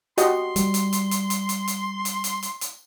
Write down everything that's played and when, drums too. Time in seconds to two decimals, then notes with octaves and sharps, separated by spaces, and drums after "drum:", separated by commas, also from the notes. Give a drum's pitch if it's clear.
0.18 F#4 G4 D#5 C6, drum: hi-hat
0.56 G3, drum: hi-hat
0.74 drum: hi-hat
0.93 drum: hi-hat
1.11 drum: hi-hat
1.30 drum: hi-hat
1.49 drum: hi-hat
1.68 drum: hi-hat
2.05 drum: hi-hat
2.24 drum: hi-hat
2.43 drum: hi-hat
2.61 drum: hi-hat